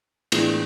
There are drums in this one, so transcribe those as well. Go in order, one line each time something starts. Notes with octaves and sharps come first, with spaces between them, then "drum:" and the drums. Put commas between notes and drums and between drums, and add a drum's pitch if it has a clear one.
A2 E3 G#3 B3 D4, drum: cymbal